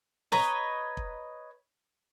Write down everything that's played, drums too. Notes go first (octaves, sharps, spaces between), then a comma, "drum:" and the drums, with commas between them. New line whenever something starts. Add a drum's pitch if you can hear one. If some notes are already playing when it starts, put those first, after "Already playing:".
B4 C#5 D#5 A#5, drum: snare
drum: kick